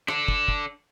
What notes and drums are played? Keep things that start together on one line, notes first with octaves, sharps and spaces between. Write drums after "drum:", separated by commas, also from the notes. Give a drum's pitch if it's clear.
D4 A4, drum: rim click
drum: kick
drum: kick